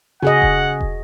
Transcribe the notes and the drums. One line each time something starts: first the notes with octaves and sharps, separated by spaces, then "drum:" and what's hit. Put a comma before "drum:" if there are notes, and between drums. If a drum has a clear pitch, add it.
C#3 F#4 G#4 D#5 F#5 G#5
drum: kick E1
drum: kick E1